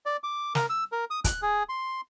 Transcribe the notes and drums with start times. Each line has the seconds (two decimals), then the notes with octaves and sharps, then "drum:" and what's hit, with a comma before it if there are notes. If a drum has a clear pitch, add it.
0.06 D5
0.24 D6
0.55 A#4, drum: snare
0.70 E6
0.92 A#4
1.11 D#6
1.24 F#6, drum: kick, hi-hat
1.42 G#4
1.69 C6